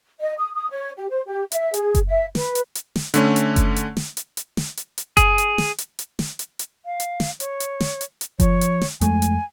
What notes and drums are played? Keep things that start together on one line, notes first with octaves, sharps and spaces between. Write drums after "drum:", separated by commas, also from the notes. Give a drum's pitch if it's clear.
D#5
D#6
D#6
C#5
G4
C5
G4
E5, drum: hi-hat
G#4, drum: hi-hat
drum: kick F#1, hi-hat
E5
B4, drum: snare
drum: hi-hat
drum: hi-hat
drum: snare
D3 A3 C#4, drum: hi-hat
drum: hi-hat
drum: kick F#1, hi-hat
drum: hi-hat
drum: snare
drum: hi-hat
drum: hi-hat
drum: snare
drum: hi-hat
drum: hi-hat
G#4, drum: kick F#1, hi-hat
drum: hi-hat
drum: snare
drum: hi-hat
drum: hi-hat
drum: snare
drum: hi-hat
drum: hi-hat
F5
drum: hi-hat
drum: snare
C#5, drum: hi-hat
drum: hi-hat
drum: snare
drum: hi-hat
drum: hi-hat
F3 C#5, drum: kick F#1, hi-hat
drum: hi-hat
drum: snare
F2 G#3 A3 G#5, drum: hi-hat
drum: hi-hat